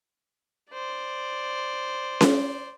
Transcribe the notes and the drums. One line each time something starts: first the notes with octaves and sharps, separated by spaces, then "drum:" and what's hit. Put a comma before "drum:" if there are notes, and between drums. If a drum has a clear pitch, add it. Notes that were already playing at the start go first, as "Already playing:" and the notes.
C5 D5
drum: snare C#4